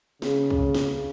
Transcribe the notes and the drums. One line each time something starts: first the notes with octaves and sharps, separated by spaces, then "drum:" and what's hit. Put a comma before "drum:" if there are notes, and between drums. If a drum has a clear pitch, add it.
C#3, drum: snare
drum: kick
drum: snare